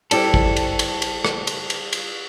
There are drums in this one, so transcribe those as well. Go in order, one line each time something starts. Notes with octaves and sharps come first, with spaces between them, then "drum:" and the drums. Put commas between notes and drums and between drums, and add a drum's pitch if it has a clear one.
G3 E4 G4 A4 C5 D5 A5, drum: cymbal
drum: kick A1
drum: cymbal
drum: cymbal
drum: cymbal
drum: rim click
drum: cymbal
drum: cymbal
drum: cymbal